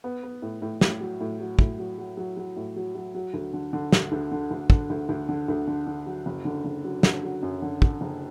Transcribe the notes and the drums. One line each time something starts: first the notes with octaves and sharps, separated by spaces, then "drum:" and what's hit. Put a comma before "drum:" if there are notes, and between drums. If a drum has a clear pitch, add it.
B3
B3
A2
A2
A2, drum: snare
F#3
A2
F#3
A2, drum: kick
F#3
F#3
F#3
F#3
A2
F#3
F#3
F#3
D2
D3
D3
D2, drum: snare
D2
D3
D2
D3, drum: kick
D2
D2
D3
D2
D3
D3
F#3
F#1
D3
F#1
F#3
D3, drum: snare
F#3
F#2
D3
D3, drum: kick
F#1